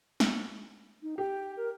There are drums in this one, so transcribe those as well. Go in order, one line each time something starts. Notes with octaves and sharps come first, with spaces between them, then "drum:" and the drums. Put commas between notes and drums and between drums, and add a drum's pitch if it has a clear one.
drum: snare
D#4
G4 G5
A#4